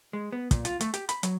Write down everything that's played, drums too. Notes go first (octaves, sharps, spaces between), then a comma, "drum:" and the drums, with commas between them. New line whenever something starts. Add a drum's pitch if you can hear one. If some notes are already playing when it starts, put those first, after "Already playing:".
G#3
B3
A#2, drum: kick, hi-hat
F4, drum: hi-hat
A3, drum: hi-hat
G4, drum: hi-hat
B5, drum: hi-hat
F#3, drum: hi-hat